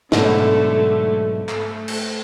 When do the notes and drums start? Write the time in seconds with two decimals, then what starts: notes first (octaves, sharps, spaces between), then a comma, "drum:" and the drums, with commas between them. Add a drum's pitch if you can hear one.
0.12 B1 G#2 B2 D3 A3, drum: snare
1.49 A3, drum: clap
1.88 drum: cymbal